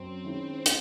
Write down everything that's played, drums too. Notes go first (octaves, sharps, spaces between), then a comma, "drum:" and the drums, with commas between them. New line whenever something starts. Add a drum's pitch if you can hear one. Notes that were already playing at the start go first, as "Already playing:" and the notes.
Already playing: F#2 C4
D#3 G#3 C#4 E4
drum: hi-hat